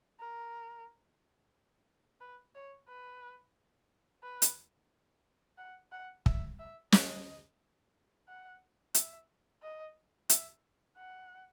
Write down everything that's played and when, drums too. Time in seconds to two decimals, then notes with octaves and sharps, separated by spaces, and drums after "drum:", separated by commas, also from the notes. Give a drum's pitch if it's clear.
0.20 A#4
2.21 B4
2.55 C#5
2.89 B4
4.23 B4
4.42 drum: hi-hat
5.58 F#5
5.92 F#5
6.26 E5, drum: kick
6.59 E5
6.92 D#5, drum: snare
8.28 F#5
8.94 E5, drum: hi-hat
9.62 D#5
10.29 E5, drum: hi-hat
10.97 F#5